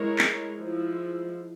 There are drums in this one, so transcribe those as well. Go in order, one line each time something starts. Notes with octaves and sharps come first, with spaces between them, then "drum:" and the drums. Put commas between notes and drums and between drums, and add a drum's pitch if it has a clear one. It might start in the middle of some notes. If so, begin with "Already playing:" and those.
Already playing: G#3 E4 A#4 C#5
drum: clap
F3 G#3 E4